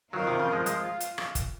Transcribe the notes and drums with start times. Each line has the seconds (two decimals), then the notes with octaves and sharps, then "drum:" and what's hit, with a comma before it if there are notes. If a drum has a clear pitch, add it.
0.13 D#3 F#3 C4 F4 A#4 D#5
0.27 C3 D#3
0.39 C#3 F3
0.52 F3 G#3
0.66 F3 G#3 F4, drum: hi-hat
1.00 drum: hi-hat
1.18 drum: rim click
1.35 drum: kick, hi-hat